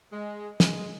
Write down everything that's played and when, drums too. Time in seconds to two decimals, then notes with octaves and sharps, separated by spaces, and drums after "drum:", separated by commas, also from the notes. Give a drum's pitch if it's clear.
0.13 G#3
0.60 G#3, drum: snare